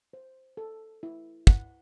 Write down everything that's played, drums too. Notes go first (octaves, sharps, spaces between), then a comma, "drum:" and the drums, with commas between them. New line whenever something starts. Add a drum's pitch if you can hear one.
C5
A4
E4
F#5, drum: kick